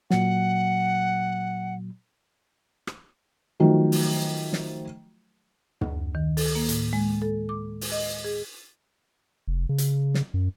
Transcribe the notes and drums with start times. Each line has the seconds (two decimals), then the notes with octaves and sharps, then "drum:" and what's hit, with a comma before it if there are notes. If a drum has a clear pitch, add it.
0.11 A#2 F#3 F#5, drum: snare
2.87 drum: rim click
3.60 D#3 F3 F#3 A3
3.92 drum: open hi-hat
4.53 drum: snare
5.81 D2, drum: tom
6.15 D#3
6.37 A4, drum: open hi-hat
6.55 A#3
6.69 A2, drum: hi-hat
6.93 G#3
7.22 A4
7.49 D6
7.81 drum: open hi-hat
7.92 D#5
8.24 G#4
9.47 F1
9.69 C#3
9.78 drum: hi-hat
10.14 drum: snare
10.34 F#2